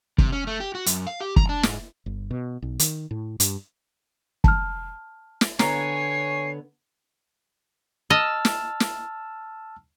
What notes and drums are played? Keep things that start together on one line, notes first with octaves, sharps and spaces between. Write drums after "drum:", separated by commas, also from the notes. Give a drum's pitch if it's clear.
C3, drum: kick
C#4
A3
G4
F#4
F#2, drum: hi-hat
F5
G4
A#5, drum: kick
D4
G#2, drum: snare
G1
B2
B1
D#3, drum: hi-hat
A2
G2, drum: hi-hat
A5 F6, drum: kick
drum: snare
D3 B3 C#5 G#5 A#5 C7, drum: snare
D#5 A5 E6 F6
drum: snare
drum: snare